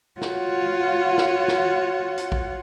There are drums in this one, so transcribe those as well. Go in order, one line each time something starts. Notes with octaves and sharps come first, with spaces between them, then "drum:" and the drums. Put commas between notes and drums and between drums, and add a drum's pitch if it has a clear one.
F4 F#4 C#5 F#5, drum: snare
drum: snare
drum: snare
drum: hi-hat
drum: kick